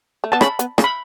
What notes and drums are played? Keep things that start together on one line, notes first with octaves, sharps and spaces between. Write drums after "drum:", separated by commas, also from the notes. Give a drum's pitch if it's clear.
A3
B3 A5
C#3 C#4 B5, drum: rim click
B3, drum: hi-hat
C#3, drum: rim click
B5